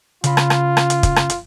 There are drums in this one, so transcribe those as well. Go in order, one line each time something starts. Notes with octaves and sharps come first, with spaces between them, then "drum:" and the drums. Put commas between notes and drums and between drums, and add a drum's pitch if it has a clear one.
C#3 F4 B5, drum: hi-hat
drum: rim click
drum: rim click
drum: rim click
drum: hi-hat
drum: kick, hi-hat
drum: rim click
drum: hi-hat